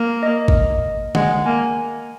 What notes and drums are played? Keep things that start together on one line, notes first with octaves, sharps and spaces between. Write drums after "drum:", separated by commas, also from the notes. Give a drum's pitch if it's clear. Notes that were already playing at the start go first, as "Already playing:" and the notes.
Already playing: A#3
D#5
drum: kick
G#3 F#5, drum: tom D3
A#3 G#5